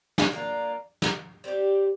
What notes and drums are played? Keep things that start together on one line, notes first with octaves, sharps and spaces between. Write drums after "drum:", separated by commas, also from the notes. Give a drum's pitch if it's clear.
drum: snare
A#3 D4 F4
drum: snare
G3 C4 G4